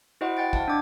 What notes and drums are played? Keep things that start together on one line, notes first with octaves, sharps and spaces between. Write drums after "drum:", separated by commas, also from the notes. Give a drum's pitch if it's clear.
E4 F#4 C5 D#5 F#5
D#5 F#5 G5 A6 D7
F5 A5, drum: kick
D4 D6 G#6